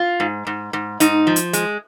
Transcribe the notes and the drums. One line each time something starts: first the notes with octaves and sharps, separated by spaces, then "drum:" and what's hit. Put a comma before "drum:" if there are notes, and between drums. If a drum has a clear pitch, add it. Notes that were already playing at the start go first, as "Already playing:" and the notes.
Already playing: F4
G#2
G#2
G#2
G#2 D#4, drum: hi-hat
F3
drum: hi-hat
G#3, drum: hi-hat